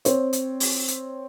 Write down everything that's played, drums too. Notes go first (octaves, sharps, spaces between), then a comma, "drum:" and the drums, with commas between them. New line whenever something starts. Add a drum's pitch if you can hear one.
C4 C#5, drum: hi-hat
drum: hi-hat
drum: open hi-hat
drum: hi-hat